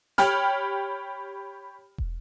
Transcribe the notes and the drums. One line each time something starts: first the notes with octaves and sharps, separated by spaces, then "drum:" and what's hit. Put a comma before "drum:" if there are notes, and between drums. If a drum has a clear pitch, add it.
G4 C#5 G5 B5 F6, drum: snare
drum: kick